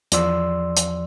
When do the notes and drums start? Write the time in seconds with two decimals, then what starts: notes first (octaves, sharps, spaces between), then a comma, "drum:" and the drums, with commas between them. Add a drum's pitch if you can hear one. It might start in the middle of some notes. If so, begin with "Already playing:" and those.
0.12 E2 F3 D5 C6 E6, drum: hi-hat
0.77 drum: hi-hat